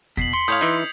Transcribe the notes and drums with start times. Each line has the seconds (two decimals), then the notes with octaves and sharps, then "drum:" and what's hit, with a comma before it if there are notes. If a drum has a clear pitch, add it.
0.17 B2 B6 C7 F#7, drum: kick E2
0.33 C6 C#7
0.48 A2 C#5 F5 D#6 G6 G#6
0.61 E3 D#4